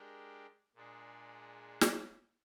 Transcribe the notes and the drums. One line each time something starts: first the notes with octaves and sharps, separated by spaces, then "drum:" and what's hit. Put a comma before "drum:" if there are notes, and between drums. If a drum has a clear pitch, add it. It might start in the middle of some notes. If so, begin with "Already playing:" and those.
Already playing: G#3 D4 G4 A#4
A#2 G#3 D4 G#4
drum: snare